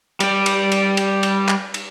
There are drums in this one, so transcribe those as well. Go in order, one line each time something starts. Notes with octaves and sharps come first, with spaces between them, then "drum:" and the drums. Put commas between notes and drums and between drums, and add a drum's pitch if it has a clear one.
G3 D5, drum: cymbal
drum: cymbal
drum: cymbal
drum: cymbal
drum: cymbal
drum: clap
drum: cymbal